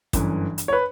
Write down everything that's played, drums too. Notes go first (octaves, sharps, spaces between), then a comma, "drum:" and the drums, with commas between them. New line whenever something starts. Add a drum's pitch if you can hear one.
G1 F#2 E3, drum: kick, hi-hat
drum: hi-hat
C#5
B4